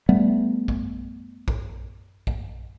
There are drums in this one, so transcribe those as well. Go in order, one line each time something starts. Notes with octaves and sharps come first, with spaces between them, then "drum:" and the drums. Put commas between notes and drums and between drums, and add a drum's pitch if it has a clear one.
G3 A3 B3
drum: kick
drum: kick
drum: kick